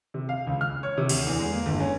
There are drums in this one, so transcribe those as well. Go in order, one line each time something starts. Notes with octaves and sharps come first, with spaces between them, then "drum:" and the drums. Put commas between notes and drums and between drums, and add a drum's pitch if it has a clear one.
C3
F5
C#2
F6
C#5
C3
D2, drum: cymbal
E2
G#3
A#3
G1
C#4